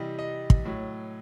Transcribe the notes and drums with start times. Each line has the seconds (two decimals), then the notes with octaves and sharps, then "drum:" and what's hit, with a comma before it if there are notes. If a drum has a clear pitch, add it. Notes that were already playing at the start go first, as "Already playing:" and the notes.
Already playing: C3 E3 G3 D#5
0.19 D#5
0.50 drum: kick
0.65 A2 F#3